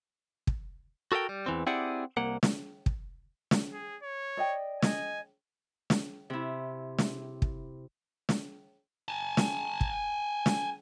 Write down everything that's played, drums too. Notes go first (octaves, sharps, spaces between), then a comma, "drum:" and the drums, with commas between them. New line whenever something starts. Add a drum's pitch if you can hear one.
drum: kick
F#4 A4 A#4 D#5 G5
G3
E2 E3 C4
C4 E4 G4 G#4 D5 F#5
C2 A#3 F#5
drum: snare
drum: kick
drum: snare
G#4
C#5
D5 D#5 G5
D#5 G#5, drum: snare
drum: snare
C3 E4
drum: snare
drum: kick
drum: snare
G#5 A5
drum: snare
drum: kick
drum: snare